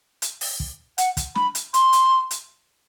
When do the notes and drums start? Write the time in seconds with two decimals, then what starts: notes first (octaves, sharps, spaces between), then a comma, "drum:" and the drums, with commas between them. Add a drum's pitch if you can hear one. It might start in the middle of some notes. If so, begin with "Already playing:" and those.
0.22 drum: hi-hat
0.41 drum: open hi-hat
0.60 drum: kick
0.98 F#5, drum: hi-hat
1.17 drum: kick, hi-hat
1.35 B5, drum: snare
1.55 drum: hi-hat
1.74 C6, drum: hi-hat
1.93 drum: hi-hat
2.31 drum: hi-hat